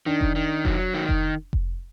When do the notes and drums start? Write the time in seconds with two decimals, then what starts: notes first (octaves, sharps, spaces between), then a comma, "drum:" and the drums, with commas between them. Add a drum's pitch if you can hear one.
0.06 D#3 D4
0.21 drum: kick F1
0.36 D#3
0.65 F#3, drum: kick F1
0.94 D#3
1.09 drum: kick F1
1.53 drum: kick F1